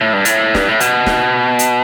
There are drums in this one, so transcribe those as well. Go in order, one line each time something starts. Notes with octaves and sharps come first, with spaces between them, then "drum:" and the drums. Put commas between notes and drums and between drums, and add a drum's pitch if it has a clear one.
A2
G2
A2, drum: hi-hat
G2, drum: snare
A2
B2, drum: hi-hat
drum: snare
drum: hi-hat